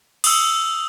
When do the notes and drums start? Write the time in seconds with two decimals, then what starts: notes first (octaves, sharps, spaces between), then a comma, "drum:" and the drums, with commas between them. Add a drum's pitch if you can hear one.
0.24 D#6 E6, drum: cymbal